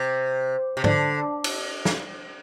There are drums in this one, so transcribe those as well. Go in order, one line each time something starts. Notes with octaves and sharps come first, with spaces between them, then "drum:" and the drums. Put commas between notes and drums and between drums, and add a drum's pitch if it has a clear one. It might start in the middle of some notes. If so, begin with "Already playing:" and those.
Already playing: C3
C3
D3, drum: tom G#2
drum: cymbal
drum: snare